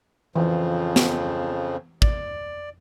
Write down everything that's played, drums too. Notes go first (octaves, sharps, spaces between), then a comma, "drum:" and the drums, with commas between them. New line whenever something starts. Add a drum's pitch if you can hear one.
F2 C#3 E3 F3
drum: snare
D5, drum: kick